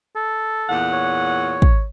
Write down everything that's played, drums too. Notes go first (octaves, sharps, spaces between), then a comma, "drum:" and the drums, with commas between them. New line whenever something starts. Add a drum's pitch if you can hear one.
A4
E2 A#2 F#5
C#5
drum: kick